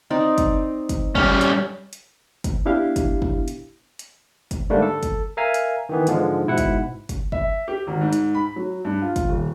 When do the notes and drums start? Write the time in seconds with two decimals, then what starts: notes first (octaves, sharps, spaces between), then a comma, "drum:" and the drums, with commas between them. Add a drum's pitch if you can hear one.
0.10 C4 D#4 D5
0.38 drum: kick, hi-hat
0.89 drum: kick, hi-hat
1.15 G3 C#4, drum: kick
1.41 drum: hi-hat
1.93 drum: hi-hat
2.44 drum: kick, hi-hat
2.65 B3 D4 E4 G4 F5
2.96 drum: kick, hi-hat
3.22 drum: kick
3.48 drum: hi-hat
3.99 drum: hi-hat
4.51 drum: kick, hi-hat
4.70 G#2 D3 G3 A3 A#3 D4
4.82 A4
5.03 drum: kick, hi-hat
5.37 A#4 E5 F5 G#5 A#5
5.54 drum: hi-hat
5.89 D#3 E3 B3
6.07 G#2 D3 F3 G#3, drum: hi-hat
6.46 G#2 B2 E4 F#5
6.58 drum: kick, hi-hat
7.09 drum: kick, hi-hat
7.32 E5, drum: kick
7.68 G4
7.87 G#1
8.01 G#2
8.13 drum: hi-hat
8.35 B5
8.56 F#3
8.85 G2
9.02 F4
9.16 drum: kick, hi-hat
9.29 D#1